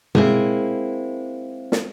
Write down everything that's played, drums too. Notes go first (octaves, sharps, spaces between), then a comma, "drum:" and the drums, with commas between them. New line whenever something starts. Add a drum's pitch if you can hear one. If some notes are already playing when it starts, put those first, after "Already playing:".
G#3 A#3 C4 E4, drum: tom B2
drum: snare